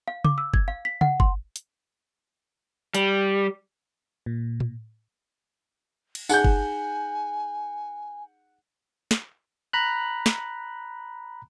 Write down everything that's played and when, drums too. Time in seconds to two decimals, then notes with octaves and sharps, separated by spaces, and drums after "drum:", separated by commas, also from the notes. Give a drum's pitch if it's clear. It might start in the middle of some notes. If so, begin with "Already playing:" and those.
0.08 F5
0.24 D6, drum: tom C#3
0.38 E6
0.54 G#6, drum: kick
0.68 F5
0.85 B6
1.01 F#5, drum: tom C#3
1.20 C6, drum: kick
1.56 drum: hi-hat
2.95 G3, drum: hi-hat
4.26 A#2
4.60 drum: tom A2
6.15 drum: cymbal
6.29 D#4 G#4 F#5 G#5 G6, drum: tambourine
6.44 drum: kick
9.11 drum: snare
9.73 A#5 B5 F#6
10.26 drum: snare